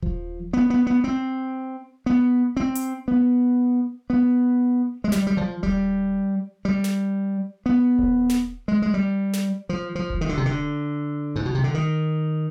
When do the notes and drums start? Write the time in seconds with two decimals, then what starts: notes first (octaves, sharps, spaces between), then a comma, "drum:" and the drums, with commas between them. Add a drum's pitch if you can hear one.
0.02 F3, drum: kick D#1
0.53 B3
0.70 B3
0.87 B3
1.04 C4
2.06 B3
2.57 C4
2.75 drum: hi-hat
3.08 B3
4.10 B3
5.04 G#3
5.12 G3, drum: snare
5.27 G3
5.37 F3
5.63 G3, drum: kick D#1
6.65 G3
6.84 drum: snare
7.66 B3
7.99 drum: kick D#1
8.30 drum: snare
8.68 G#3
8.82 G#3
8.94 G3
9.33 drum: snare
9.69 F3
9.95 F3
10.10 drum: kick D#1
10.21 D#3
10.29 D3
10.37 C3
10.46 D3
11.36 G#2
11.46 B2
11.55 C3
11.64 D3
11.74 D#3